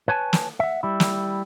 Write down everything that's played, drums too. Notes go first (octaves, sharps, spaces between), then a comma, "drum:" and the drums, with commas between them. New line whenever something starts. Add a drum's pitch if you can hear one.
B4 C#5 G#5 A5
drum: snare
E5 F#5
G3 E4
drum: snare